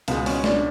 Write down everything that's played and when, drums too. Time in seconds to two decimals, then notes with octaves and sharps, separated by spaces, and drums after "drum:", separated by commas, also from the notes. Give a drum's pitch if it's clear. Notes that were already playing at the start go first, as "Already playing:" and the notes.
0.08 C#2 B2 G#3 B3 B4, drum: hi-hat
0.26 C#4 C#5, drum: open hi-hat
0.44 D4 D5, drum: snare